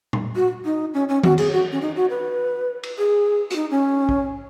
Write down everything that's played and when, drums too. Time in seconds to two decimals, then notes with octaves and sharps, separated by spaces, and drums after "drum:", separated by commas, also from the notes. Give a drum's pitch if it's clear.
0.13 drum: tom A#2
0.36 F#4
0.65 D#4
0.94 C#4
1.09 C#4
1.23 F#4, drum: tom D#3
1.38 G#4, drum: cymbal
1.52 F#4
1.72 C#4
1.81 D#4
1.96 F#4
2.10 B4
2.83 drum: cymbal
2.98 G#4
3.50 F#4, drum: hi-hat
3.56 D#4
3.70 C#4
4.09 drum: kick